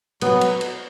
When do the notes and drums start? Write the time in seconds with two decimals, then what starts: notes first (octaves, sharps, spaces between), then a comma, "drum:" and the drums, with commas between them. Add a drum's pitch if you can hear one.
0.21 F#3 B3, drum: cymbal
0.41 drum: cymbal
0.61 drum: cymbal